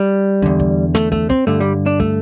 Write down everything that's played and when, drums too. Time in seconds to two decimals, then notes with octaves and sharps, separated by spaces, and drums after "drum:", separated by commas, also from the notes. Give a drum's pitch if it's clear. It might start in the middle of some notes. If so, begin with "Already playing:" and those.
Already playing: G3
0.42 E2 D3, drum: kick
0.60 drum: kick
0.95 A3, drum: snare
1.12 A3, drum: kick
1.30 C4, drum: kick
1.47 G2 D3 A3
1.60 G3
1.86 D4
2.00 A3, drum: kick